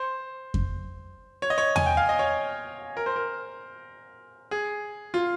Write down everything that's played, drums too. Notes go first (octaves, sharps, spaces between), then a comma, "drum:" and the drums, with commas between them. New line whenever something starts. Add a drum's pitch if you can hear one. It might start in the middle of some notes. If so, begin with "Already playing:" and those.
Already playing: C5
drum: kick F2
C#5
D#5
C#5
G#5, drum: tom E2
G5
F5
D#5
C#5
A#4
C5
A#4
G#4
F4